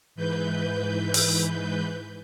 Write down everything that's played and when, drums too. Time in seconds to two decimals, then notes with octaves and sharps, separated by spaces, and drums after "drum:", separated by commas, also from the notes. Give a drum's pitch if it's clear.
0.15 G#2 E3 B4 G6
1.14 drum: open hi-hat